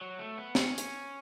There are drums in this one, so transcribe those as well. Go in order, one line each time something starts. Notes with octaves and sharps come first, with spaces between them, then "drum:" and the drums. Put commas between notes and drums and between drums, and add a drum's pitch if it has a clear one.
F#3
A3
B3
C#4, drum: snare
drum: hi-hat